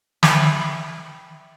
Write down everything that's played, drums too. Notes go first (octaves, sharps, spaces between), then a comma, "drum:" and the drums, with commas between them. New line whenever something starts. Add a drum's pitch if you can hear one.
E5 G5 B5, drum: snare